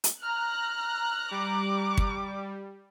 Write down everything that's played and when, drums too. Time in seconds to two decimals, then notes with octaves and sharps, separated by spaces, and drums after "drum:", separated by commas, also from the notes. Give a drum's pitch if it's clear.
0.04 drum: hi-hat
0.23 A#5 F6 F#6
1.31 G3 D6
1.98 drum: kick